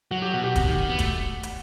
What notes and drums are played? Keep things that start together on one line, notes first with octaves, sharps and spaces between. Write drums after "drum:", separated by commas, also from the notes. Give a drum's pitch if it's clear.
F#3 F#4
G4
B2 F#4
G4
C3 F#4, drum: kick D#1, hi-hat
D#3
D#3
B3
A3, drum: kick D#1, hi-hat
drum: hi-hat